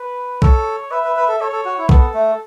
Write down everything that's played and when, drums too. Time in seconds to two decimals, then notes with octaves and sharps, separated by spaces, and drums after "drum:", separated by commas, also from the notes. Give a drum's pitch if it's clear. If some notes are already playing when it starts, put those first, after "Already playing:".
Already playing: B4
0.42 A4 C#5, drum: kick
0.91 B4 E5
1.04 B4
1.16 B4
1.28 A4
1.40 A4 C#5
1.52 A4
1.65 F#4
1.78 E4
1.89 B3 A4, drum: kick
2.14 A3